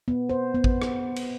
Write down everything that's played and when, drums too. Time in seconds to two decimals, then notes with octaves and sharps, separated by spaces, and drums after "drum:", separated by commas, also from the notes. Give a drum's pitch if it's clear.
0.08 B3
0.29 C5
0.55 B3
0.64 drum: kick G#1
0.82 drum: rim click
1.16 drum: cymbal